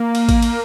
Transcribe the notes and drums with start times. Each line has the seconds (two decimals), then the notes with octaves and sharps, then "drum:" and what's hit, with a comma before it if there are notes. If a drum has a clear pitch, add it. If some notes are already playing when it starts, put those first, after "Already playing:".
Already playing: A#3
0.15 drum: cymbal
0.29 drum: kick A1, cymbal
0.42 drum: cymbal